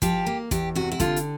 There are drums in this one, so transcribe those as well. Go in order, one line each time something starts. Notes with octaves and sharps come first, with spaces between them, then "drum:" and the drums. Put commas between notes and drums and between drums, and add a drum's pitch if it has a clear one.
F3 G4, drum: kick, hi-hat
A#3
E2 G4, drum: kick, hi-hat
C3 F#4
E4
D3 F4, drum: kick, hi-hat
drum: hi-hat